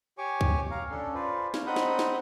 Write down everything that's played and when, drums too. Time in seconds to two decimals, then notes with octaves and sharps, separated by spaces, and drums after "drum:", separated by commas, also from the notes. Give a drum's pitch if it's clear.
0.18 G4 C#5 G#5 C#6 D6
0.41 drum: kick C2
0.71 F5 A#5
0.91 C#4 D4 A4
1.15 F4 B4 C5 D5
1.54 C#5 F5, drum: snare
1.67 C4 D#4 F#5 B5 D#6 G6
1.76 drum: snare
1.99 drum: snare